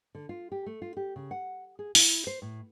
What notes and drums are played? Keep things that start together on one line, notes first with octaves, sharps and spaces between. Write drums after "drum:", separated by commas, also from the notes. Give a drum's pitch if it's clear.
D3
F4
G4
A3
F4
G4
C#3
F#5
G#4
E4, drum: open hi-hat
C5
A2